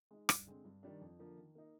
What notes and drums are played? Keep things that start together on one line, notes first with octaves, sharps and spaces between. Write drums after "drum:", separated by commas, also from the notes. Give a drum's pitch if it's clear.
G#3 D#4
G2, drum: rim click
D3 G#3 C4
G2
D#3 G3 D4
F2
D3 F3 A#3
D#3
A#3 D#4